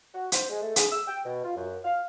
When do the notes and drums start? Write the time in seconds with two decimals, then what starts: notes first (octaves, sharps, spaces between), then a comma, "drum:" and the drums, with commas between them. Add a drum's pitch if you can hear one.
0.14 F#4
0.32 C5, drum: hi-hat
0.49 G#3
0.61 A3
0.76 G#4, drum: hi-hat
0.91 E6
1.07 G5
1.24 B2
1.44 F4
1.56 F#2
1.85 F5